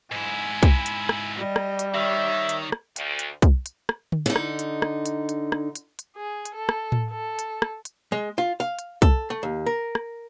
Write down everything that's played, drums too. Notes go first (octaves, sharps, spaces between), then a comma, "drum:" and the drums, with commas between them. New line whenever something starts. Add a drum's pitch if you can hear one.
G#2 E4 G#5
drum: kick, hi-hat
drum: hi-hat
drum: rim click
G3 D#5
drum: rim click
drum: hi-hat
D#3 C#5 D5 E5
drum: hi-hat
drum: rim click
D2, drum: hi-hat
drum: hi-hat
drum: kick, hi-hat
drum: hi-hat
drum: rim click
drum: tom D3
D3 D#4
drum: rim click
drum: hi-hat
drum: rim click
drum: hi-hat
drum: hi-hat
drum: rim click
drum: hi-hat
drum: hi-hat
G#4
drum: hi-hat
A4
drum: rim click
drum: tom A2
A4
drum: hi-hat
drum: rim click
drum: hi-hat
G#3
F4
F5
drum: hi-hat
A4, drum: kick, hi-hat
A3
D#2
A#4
drum: rim click